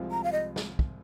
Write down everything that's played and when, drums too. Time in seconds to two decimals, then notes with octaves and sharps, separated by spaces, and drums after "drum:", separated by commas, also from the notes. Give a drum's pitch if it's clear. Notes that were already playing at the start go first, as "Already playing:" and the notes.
Already playing: C2 C3 F3 G#3 F4
0.11 A#5
0.24 F5
0.32 D#5
0.56 drum: snare
0.79 drum: kick